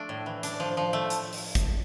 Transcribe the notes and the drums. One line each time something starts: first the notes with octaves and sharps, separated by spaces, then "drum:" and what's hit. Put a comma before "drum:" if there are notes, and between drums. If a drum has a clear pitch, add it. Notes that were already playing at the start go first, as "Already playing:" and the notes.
Already playing: F3 A3 D4
A2
E3
D4, drum: hi-hat
F3
F3
A3
drum: hi-hat
drum: open hi-hat
drum: kick, hi-hat